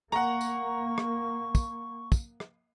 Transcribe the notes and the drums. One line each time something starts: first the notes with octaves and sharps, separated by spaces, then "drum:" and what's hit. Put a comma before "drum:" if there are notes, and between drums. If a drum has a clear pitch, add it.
A#3 F#5 A#5 C#6, drum: rim click
drum: tambourine
drum: rim click
drum: kick, tambourine
drum: kick, tambourine
drum: rim click